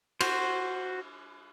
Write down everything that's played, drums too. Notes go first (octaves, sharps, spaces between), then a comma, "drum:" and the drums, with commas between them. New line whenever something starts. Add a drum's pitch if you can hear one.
F#4 C5, drum: cymbal